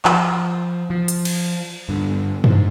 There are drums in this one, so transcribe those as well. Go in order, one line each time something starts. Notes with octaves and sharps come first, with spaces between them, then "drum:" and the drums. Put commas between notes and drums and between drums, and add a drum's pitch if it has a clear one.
F3, drum: clap
F3
drum: hi-hat
drum: cymbal
G2 D3
G#2, drum: tom G2